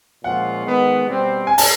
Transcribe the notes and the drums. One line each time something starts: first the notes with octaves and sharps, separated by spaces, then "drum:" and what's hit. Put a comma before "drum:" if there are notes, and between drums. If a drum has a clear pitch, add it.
A#2 F3 G#3 C#4 F4 F#5
D#3 G#3 B3
B2 G3 C4
G#5
A5, drum: open hi-hat